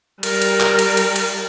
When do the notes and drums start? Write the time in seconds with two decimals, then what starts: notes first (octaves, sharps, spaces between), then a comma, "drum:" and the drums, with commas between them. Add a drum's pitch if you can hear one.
0.23 G3 A#4, drum: cymbal
0.42 drum: cymbal
0.60 drum: clap
0.79 drum: cymbal
0.97 drum: cymbal
1.16 drum: cymbal